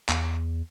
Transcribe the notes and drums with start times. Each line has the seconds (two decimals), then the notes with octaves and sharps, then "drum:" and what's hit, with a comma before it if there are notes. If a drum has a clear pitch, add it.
0.09 E2, drum: clap